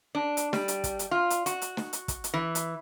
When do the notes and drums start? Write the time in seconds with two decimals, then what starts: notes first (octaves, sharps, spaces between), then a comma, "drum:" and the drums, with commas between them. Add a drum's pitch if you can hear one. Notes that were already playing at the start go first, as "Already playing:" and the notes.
0.15 D4
0.37 drum: hi-hat
0.53 G3, drum: snare
0.68 drum: hi-hat
0.84 drum: kick, hi-hat
0.99 drum: hi-hat
1.11 F4
1.30 drum: hi-hat
1.46 F#4, drum: hi-hat
1.62 drum: hi-hat
1.77 drum: snare
1.93 drum: hi-hat
2.08 drum: kick, hi-hat
2.24 drum: hi-hat
2.34 E3
2.55 drum: hi-hat